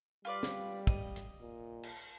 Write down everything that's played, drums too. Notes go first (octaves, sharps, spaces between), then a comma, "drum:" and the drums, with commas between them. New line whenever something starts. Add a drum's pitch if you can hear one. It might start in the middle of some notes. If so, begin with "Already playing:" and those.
G3 F4 B4 D5
drum: snare
D#5, drum: kick
drum: hi-hat
A#2
drum: cymbal